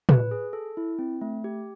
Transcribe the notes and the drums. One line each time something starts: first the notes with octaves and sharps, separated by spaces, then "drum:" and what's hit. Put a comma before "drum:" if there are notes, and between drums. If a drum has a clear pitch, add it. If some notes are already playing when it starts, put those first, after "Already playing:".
B4, drum: tom
G#4
A4
E4
C4
A3
G4